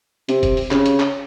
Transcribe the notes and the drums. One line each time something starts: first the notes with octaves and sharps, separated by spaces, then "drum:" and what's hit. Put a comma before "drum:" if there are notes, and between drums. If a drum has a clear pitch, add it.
C3, drum: hi-hat
drum: kick F1, hi-hat
drum: open hi-hat
C#3, drum: clap
drum: hi-hat
drum: clap